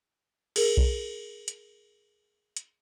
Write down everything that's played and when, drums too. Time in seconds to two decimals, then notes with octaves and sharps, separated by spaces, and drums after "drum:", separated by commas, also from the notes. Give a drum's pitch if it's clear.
0.56 G#4 A#4, drum: cymbal
0.77 drum: kick B1
1.48 drum: hi-hat
2.57 drum: hi-hat